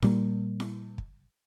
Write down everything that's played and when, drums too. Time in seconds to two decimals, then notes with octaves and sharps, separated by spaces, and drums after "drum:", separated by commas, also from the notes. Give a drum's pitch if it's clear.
0.02 A#2 G3 A#3, drum: snare E4
0.60 drum: snare E4
0.98 drum: kick